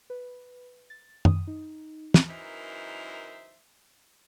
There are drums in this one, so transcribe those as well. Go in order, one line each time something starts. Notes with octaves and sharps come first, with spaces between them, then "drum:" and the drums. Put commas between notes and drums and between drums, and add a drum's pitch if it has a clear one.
B4
A6
D#6, drum: tom F#2
D#4
drum: snare
F#2 E3 D#4 A#4 C5 E5